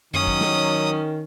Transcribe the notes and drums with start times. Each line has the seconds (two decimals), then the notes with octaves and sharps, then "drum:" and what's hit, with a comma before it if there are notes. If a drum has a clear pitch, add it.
0.14 D#3 F#3 C#4 D#6, drum: tom F#2
0.27 drum: kick
0.41 drum: snare